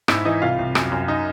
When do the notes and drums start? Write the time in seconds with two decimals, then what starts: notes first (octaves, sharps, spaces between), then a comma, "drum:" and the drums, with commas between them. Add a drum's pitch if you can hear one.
0.08 G#2 E4 E5, drum: rim click
0.25 E3 D#4 D#5
0.42 C2 F4 F5
0.59 C2
0.75 F#2, drum: rim click
0.92 F#2
1.08 D#4 D#5